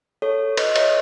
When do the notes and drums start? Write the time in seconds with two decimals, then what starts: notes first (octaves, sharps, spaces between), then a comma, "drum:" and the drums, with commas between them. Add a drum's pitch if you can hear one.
0.22 A4 C#5
0.57 B4 D#5, drum: cymbal
0.76 C#5 E5, drum: cymbal